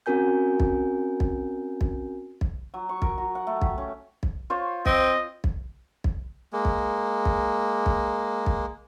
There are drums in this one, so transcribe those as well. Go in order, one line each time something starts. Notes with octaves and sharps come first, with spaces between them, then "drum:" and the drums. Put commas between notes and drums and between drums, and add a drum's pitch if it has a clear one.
C4 C#4 F#4 A#4 G#5 G6
drum: kick
drum: kick
drum: kick
drum: kick
F#3
C#6
A#4, drum: kick
F#4
F#5
A3
G4, drum: kick
C#4
drum: kick
F4 C5 C#5
C4 D#5, drum: kick
drum: kick
drum: kick
G#3 A#3
drum: kick
drum: kick
drum: kick
drum: kick